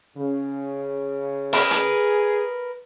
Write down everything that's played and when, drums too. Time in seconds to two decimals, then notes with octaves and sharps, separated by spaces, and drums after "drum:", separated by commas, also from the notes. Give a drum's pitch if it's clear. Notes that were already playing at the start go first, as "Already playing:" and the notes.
0.17 C#3
1.53 G#4 A#4 B4, drum: open hi-hat
1.71 drum: hi-hat